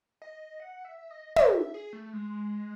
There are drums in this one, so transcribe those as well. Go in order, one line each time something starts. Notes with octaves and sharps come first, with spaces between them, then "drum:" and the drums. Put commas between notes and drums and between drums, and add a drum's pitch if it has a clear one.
D#5
F#5
E5
D#5
D#5, drum: tom
E5
G#4
A3
G#3